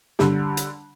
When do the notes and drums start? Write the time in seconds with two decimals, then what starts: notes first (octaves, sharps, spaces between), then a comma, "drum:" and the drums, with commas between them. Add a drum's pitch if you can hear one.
0.19 D3 G3, drum: snare
0.57 drum: hi-hat